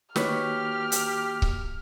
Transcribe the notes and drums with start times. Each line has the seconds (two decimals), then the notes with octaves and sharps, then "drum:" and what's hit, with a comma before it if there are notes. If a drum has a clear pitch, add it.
0.16 D#3 A#3 F#4 G4 B4 C#5 F6, drum: snare
0.92 drum: hi-hat
1.42 drum: kick C#1